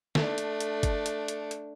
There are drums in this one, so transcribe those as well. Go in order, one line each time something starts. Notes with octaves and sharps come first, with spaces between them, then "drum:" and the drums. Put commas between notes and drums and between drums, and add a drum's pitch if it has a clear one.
A3 D4, drum: snare
drum: hi-hat
drum: hi-hat
drum: kick G1, hi-hat
drum: hi-hat
drum: hi-hat
drum: hi-hat